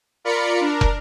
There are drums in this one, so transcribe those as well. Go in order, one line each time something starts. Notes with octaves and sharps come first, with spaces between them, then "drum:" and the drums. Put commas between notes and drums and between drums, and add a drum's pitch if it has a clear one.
F4 A#4 D5 B5 C#7
D4 A#4
drum: kick